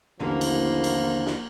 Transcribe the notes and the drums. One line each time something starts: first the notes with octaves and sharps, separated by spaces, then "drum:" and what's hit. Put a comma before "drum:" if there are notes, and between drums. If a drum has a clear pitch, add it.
A1 D#2 D3 E3 F3 A#3
drum: cymbal
drum: cymbal
drum: snare